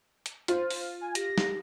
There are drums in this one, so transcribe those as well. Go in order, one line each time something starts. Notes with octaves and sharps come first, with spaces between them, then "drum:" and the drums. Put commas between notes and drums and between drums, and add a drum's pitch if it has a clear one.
drum: hi-hat
F4 C5, drum: hi-hat
drum: open hi-hat
G#5
G4 A#6, drum: hi-hat
drum: snare